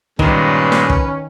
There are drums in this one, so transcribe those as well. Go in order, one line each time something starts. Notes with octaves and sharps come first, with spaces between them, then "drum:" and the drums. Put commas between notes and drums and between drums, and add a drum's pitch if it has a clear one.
G2 A#2 D#3 G#3 C#4 B4, drum: kick
drum: snare
drum: kick